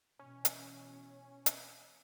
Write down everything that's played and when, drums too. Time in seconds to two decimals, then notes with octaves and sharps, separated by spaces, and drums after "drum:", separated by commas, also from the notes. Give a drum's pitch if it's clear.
0.19 B2 E3 C#4
0.45 drum: hi-hat
1.46 drum: hi-hat